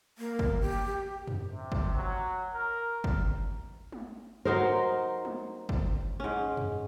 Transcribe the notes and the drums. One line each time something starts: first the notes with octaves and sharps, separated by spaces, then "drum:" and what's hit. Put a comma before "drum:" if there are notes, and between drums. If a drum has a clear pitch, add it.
A#3
drum: kick
G4
drum: tom F2
C3
drum: kick
F#3
A#4
drum: kick
drum: tom G#3
F#3 D#4 A#4 C5
drum: tom G#3
drum: kick
G#2 C#4
drum: tom F2